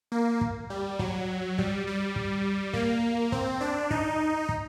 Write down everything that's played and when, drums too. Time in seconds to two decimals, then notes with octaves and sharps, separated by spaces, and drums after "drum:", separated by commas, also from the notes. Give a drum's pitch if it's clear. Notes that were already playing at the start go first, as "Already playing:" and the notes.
0.12 A#3
0.41 drum: kick
0.70 G3
0.99 F#3, drum: kick
1.58 G3, drum: kick
1.87 G3
2.16 drum: kick
2.73 A#3, drum: kick
3.32 C4, drum: kick
3.61 D4
3.91 D#4, drum: kick
4.49 drum: kick